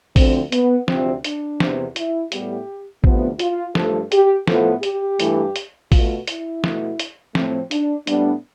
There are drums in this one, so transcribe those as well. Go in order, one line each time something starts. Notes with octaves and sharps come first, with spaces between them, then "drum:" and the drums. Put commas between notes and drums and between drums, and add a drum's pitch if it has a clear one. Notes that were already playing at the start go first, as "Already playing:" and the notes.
D2 D3 F3 C4, drum: kick A1, open hi-hat
B3, drum: hi-hat
D2 C3 F3 C4, drum: snare
D4, drum: hi-hat
E2 C3 E3 B3, drum: snare
E4, drum: hi-hat
A2 G3 B3 G4, drum: hi-hat
D2 C3 F3 B3, drum: kick A1
F4, drum: hi-hat
G2 F3 A3 A4, drum: snare
G4, drum: hi-hat
A2 F3 B3 A4, drum: snare
G4, drum: hi-hat
G2 E3 A3, drum: hi-hat
drum: hi-hat
B2 A3 F4, drum: kick A1, open hi-hat
E4, drum: hi-hat
B2 A3, drum: snare
drum: hi-hat
A2 F3 A3 C4, drum: snare
D4, drum: hi-hat
A2 G3 B3 D4, drum: hi-hat